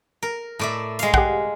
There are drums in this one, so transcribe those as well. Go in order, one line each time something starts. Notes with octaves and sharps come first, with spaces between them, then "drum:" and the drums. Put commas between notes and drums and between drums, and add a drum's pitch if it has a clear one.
A#4
A2 D5 E5
G#3 F5, drum: hi-hat
G4 F#5, drum: kick